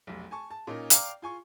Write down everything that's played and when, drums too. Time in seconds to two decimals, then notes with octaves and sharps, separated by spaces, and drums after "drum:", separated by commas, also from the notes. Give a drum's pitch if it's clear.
0.07 F1 B1
0.31 G#5 A5 C#6
0.50 A5
0.67 A#2 C#4 D#4 A#4
0.90 D5 F5 G5 A#5 D6, drum: hi-hat
1.22 F4 G#5 C#6